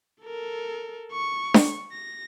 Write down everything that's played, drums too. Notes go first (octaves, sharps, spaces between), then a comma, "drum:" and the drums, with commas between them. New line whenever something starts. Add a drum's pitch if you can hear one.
A4 A#4
C#6
drum: snare D4
A#6